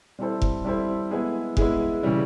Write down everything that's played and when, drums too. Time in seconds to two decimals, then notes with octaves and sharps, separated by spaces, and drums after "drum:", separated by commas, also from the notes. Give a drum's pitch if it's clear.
0.19 G3 C4 E4 A4 C5
0.42 drum: kick F1
0.65 G3 C4 E4 A4 C5
1.11 G#3 B3 E4 G#4
1.57 G#3 B3 E4 G#4, drum: kick F1
2.03 C#3 E3 G3